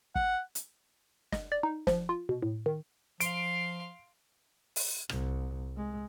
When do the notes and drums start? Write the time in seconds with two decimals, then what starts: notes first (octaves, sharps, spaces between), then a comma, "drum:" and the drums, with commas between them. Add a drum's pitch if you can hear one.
0.15 F#5, drum: kick
0.55 drum: hi-hat
1.32 D#5, drum: snare
1.52 D5
1.63 D#4
1.87 F3, drum: snare
2.09 F4
2.29 B2
2.42 A2
2.66 D#3
3.20 F3 F5 C6 D7, drum: hi-hat
4.76 drum: open hi-hat
5.09 C2, drum: rim click
5.76 G#3